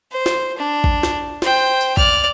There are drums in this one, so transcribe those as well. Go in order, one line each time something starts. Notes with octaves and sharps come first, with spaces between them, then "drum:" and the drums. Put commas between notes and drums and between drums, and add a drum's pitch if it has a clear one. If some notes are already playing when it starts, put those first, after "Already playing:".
C5
drum: snare
D4
drum: kick A1
drum: snare
C5 G5, drum: snare
drum: tambourine
D5 F6, drum: kick A1